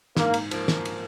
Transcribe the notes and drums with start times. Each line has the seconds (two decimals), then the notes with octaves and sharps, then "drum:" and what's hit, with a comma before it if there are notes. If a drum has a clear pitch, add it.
0.17 G#2 A#3, drum: snare
0.34 drum: cymbal
0.51 F3 A#3, drum: cymbal
0.68 drum: snare
0.85 drum: cymbal